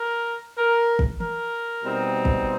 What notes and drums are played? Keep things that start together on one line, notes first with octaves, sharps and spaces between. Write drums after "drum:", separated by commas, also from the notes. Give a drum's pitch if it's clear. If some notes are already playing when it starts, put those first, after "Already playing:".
Already playing: A#4
A#4
drum: kick
A#4, drum: tom
B2 G3 C4 D#4
drum: kick